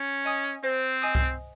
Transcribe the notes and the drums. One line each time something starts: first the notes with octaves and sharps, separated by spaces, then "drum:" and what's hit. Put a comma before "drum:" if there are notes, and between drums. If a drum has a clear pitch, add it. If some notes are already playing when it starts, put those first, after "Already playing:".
Already playing: C#4
D#5 G#5 D#6
C4 C5
D#5 G#5 D#6
drum: kick C2